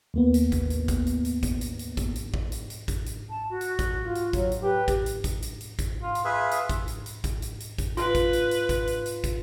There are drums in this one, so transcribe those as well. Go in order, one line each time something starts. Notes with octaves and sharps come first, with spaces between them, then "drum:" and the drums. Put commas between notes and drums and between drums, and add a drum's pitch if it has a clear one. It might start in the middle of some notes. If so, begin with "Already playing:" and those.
D#2 A#3 B3
drum: hi-hat
drum: kick, hi-hat
drum: hi-hat
drum: kick, hi-hat
drum: hi-hat
drum: hi-hat
drum: kick, hi-hat
drum: hi-hat
drum: hi-hat
drum: kick, hi-hat
drum: hi-hat
drum: kick
drum: hi-hat
drum: hi-hat
drum: kick, hi-hat
drum: hi-hat
A5
F#4
drum: hi-hat
drum: kick, hi-hat
F4
drum: hi-hat
F#3, drum: kick, hi-hat
drum: hi-hat
G4 B4
drum: kick, hi-hat
drum: hi-hat
drum: kick, hi-hat
drum: hi-hat
drum: hi-hat
drum: kick, hi-hat
F4
drum: hi-hat
F4 G#4 B4 E5
drum: hi-hat
drum: kick, hi-hat
drum: hi-hat
drum: hi-hat
drum: kick, hi-hat
drum: hi-hat
drum: hi-hat
drum: kick, hi-hat
F4 B4, drum: hi-hat
drum: kick, hi-hat
drum: hi-hat
drum: hi-hat
drum: kick, hi-hat
drum: hi-hat
drum: hi-hat
drum: kick, hi-hat